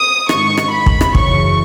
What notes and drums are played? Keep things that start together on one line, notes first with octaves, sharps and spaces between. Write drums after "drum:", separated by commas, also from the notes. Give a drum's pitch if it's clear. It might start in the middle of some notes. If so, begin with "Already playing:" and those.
Already playing: D#6
G#2 D#3 C#6, drum: rim click
drum: rim click
B5
drum: kick
drum: rim click
F#2 C#3 E3 C#6, drum: kick